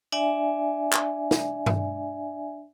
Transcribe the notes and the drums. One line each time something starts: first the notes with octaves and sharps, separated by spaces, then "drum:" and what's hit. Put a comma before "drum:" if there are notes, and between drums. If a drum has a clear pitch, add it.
D4 D5 E5 G#5
drum: clap
drum: snare
drum: tom G2